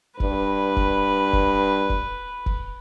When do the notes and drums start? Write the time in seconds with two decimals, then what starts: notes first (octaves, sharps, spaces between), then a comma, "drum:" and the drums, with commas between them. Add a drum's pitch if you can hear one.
0.20 G2 B4, drum: kick
0.76 drum: kick
1.33 drum: kick
1.90 drum: kick
2.46 drum: kick